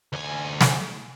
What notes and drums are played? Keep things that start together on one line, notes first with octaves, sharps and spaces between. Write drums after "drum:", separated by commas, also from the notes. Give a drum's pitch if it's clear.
D2 G#5
drum: snare